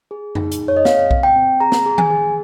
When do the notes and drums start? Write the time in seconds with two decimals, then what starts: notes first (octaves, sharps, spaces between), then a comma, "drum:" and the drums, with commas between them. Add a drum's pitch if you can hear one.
0.11 G#4
0.35 D#4, drum: tom F2
0.52 drum: hi-hat
0.61 G#4
0.68 C#5
0.77 D#5
0.85 C4 F5, drum: snare
1.11 C4, drum: kick B1
1.23 G5
1.36 C4
1.60 G#4 A#5
1.72 drum: snare
1.86 G#4
1.98 G#5, drum: tom D#3
2.11 G#4